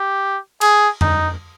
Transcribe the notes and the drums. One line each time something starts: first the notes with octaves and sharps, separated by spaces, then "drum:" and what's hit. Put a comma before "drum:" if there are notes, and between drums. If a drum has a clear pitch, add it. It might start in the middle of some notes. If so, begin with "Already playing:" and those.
Already playing: G4
G#4, drum: cymbal
D#4, drum: tom